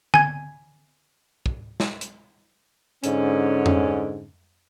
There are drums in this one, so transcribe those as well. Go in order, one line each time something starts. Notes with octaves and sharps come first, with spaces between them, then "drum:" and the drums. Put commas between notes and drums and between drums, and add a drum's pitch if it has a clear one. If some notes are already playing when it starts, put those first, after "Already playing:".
G#5 G#6, drum: tom D3
drum: kick
drum: snare
drum: hi-hat
G#2 D3 C#4, drum: hi-hat
drum: tom F2